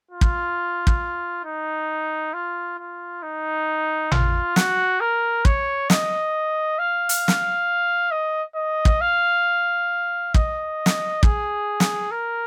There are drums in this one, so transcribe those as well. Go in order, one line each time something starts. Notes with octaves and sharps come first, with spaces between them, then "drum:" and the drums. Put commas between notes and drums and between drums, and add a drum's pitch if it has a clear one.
F4
drum: kick
drum: kick
D#4
F4
F4
D#4
F4, drum: tom A1
F#4, drum: snare
A#4
C#5, drum: kick
D#5, drum: snare
F5
drum: hi-hat
drum: snare
D#5
D#5
drum: kick
F5
D#5, drum: kick
drum: snare
G#4, drum: kick
drum: snare
A#4